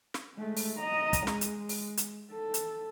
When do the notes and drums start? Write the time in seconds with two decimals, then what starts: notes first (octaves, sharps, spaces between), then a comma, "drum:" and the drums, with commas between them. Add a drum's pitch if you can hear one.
0.14 drum: snare
0.37 G#3 A3
0.57 drum: open hi-hat
0.79 D#5 A#5
1.13 drum: kick, hi-hat
1.27 G#3, drum: snare
1.41 drum: hi-hat
1.69 drum: open hi-hat
1.97 drum: hi-hat
2.32 A4
2.54 drum: hi-hat